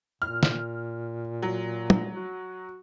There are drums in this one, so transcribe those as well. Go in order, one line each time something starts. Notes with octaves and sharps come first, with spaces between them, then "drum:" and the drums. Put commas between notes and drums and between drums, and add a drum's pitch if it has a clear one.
A#2 F6
drum: snare
F#3
drum: tom
F#4